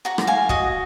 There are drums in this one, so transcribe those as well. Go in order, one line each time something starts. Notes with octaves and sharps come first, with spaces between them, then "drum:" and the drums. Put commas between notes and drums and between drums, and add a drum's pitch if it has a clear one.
F#4 F#5 A#5
drum: rim click
F5 G#5
F#4 D#5 F#5, drum: kick